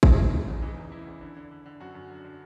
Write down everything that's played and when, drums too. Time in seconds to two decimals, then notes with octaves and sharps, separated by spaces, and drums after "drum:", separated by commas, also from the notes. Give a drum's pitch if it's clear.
0.03 E2 D#4, drum: kick
0.18 C#3
0.32 E2 D#4
0.48 E2
0.62 E3 D#4
0.77 E2
0.92 C#3 E4
1.07 E2
1.21 D3
1.36 D3
1.51 D3
1.66 D3
1.80 F#2 F#4
1.95 F#2
2.10 D3
2.24 D3